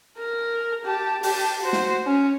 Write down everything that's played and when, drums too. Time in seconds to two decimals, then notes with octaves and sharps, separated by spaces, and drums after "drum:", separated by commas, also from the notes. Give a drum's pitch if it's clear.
0.18 A#4
0.85 G4 A5
1.23 G4 A5, drum: open hi-hat
1.61 F#4 C5
1.73 drum: snare
2.06 C#4